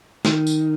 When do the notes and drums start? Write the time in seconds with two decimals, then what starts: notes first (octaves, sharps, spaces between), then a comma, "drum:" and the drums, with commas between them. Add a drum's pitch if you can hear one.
0.25 D#3, drum: snare
0.47 drum: tambourine